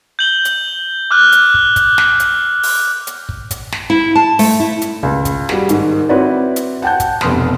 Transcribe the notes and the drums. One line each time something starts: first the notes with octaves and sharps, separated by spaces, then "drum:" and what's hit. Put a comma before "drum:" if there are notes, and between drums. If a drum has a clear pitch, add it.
G6 F#7 G7
drum: hi-hat
D6 F6 F#6
drum: hi-hat
drum: kick
drum: kick, hi-hat
drum: snare
drum: hi-hat
drum: open hi-hat
drum: hi-hat
drum: kick
drum: kick, hi-hat
drum: snare
E4
A5
A3, drum: open hi-hat
E4
drum: hi-hat
C#2, drum: kick
drum: kick, hi-hat
G3 F#4 G#4, drum: snare
G#2 D#3, drum: hi-hat
C4 E4 F#4 B4 C#5 D5
drum: hi-hat
F#5 G5 A5 F#6 G6
drum: kick, hi-hat
F1 B2 B3 C6 D#6 F6, drum: snare